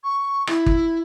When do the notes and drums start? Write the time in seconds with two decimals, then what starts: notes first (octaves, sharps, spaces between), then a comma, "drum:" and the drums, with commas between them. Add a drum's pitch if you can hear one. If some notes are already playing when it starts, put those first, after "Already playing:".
0.03 C#6
0.47 E4, drum: rim click
0.66 drum: kick